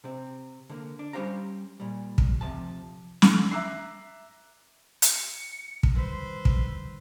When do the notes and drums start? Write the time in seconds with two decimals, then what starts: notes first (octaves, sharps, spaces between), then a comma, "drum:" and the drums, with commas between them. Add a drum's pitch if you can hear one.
0.04 C3 C4
0.69 D3 A#3
0.99 D4
1.13 G3 C#4 G4 C5 F5 A#5
1.80 A#2 G3
2.18 drum: kick
2.41 C3 F3 A5
3.22 drum: snare
3.51 E5 A#5 D6 E6 F#6 C7
5.02 C#7, drum: hi-hat
5.83 drum: kick
5.95 D#3 G3 B4 C5 E6
6.45 drum: kick